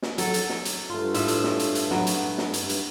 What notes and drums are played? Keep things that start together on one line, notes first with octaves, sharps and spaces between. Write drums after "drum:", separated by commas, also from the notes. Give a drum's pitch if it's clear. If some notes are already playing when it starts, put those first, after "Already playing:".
drum: snare
F#3 A4, drum: hi-hat
drum: hi-hat
drum: snare
drum: hi-hat
G2 A3 F4 A4
A2 F4 E5, drum: hi-hat
drum: hi-hat
drum: snare
drum: hi-hat
drum: hi-hat
F#3 B3, drum: snare
drum: hi-hat
drum: snare
G2, drum: hi-hat
drum: hi-hat